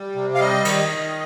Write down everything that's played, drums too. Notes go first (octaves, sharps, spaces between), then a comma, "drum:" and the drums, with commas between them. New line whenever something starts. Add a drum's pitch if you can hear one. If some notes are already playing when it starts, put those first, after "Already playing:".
Already playing: G3
C3
F5
G3 D#5
D#3, drum: cymbal
D#3